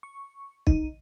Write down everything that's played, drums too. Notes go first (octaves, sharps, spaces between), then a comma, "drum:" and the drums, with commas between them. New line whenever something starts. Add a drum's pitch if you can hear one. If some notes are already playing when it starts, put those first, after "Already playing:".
C#6
D#4, drum: kick